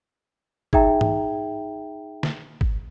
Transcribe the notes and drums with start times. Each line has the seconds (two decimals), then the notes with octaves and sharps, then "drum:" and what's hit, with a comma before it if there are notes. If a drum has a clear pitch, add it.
0.73 D#4 G#4 E5 G5 A#5, drum: kick
1.01 drum: tom G#2
2.23 drum: snare
2.61 drum: kick